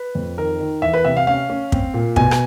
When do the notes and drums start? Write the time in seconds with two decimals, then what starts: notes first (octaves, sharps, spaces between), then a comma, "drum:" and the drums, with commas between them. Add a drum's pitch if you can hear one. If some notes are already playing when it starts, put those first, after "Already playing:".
Already playing: B4
0.15 F2
0.37 D#3 A#4
0.60 D#3
0.82 E2 E5
0.94 B4
1.05 C3 E5
1.17 F5
1.27 C#4 F5
1.50 C#4
1.72 C4, drum: kick
1.94 A#2
2.16 B2 G#5, drum: kick
2.31 drum: rim click